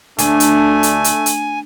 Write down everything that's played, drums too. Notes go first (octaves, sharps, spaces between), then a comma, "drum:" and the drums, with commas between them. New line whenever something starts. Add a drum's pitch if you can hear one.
D2 A3 D4 G#5, drum: hi-hat
drum: hi-hat
drum: hi-hat
drum: hi-hat
drum: hi-hat